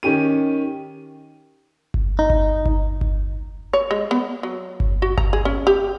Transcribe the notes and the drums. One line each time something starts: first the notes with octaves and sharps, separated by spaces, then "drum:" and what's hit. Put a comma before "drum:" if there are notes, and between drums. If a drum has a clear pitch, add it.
D#3 C#4 G4 D#7
drum: kick G1
D#4
drum: kick G1
drum: kick G1
drum: kick G1
C#5
G#3
B3
F#3
drum: kick G1
F#4
A#5, drum: kick G1
G#4
C#4
G4